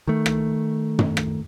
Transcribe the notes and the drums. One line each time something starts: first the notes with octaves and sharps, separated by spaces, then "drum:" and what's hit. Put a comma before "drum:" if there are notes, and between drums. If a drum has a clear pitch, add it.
D#3 A3
drum: rim click
drum: tom
drum: rim click